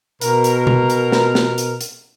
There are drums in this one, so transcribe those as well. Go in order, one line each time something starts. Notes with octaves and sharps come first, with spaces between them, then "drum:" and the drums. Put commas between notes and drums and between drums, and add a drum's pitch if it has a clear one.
B2 A#4, drum: hi-hat
drum: hi-hat
drum: tom B2
drum: hi-hat
drum: snare
drum: snare
drum: hi-hat
drum: hi-hat